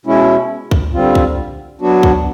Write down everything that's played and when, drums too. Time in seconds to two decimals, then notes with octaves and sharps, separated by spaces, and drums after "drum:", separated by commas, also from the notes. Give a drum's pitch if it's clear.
0.05 B2 G#3 C#4 E4
0.71 drum: kick
0.93 D3 G3 C4 F4
1.15 drum: kick
1.81 F#3 B3 D4 F#4
2.03 drum: kick